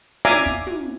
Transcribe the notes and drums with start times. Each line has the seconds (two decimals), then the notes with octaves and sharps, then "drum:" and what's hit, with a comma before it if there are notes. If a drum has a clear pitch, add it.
0.25 D5 E5 F5 G#5 A#5 D6, drum: tom
0.46 drum: kick
0.67 drum: tom